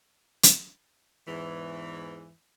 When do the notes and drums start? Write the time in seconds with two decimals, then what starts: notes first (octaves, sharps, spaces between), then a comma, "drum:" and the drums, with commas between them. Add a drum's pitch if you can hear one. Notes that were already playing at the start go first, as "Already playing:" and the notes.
0.43 drum: hi-hat
1.28 E2 G#2 E3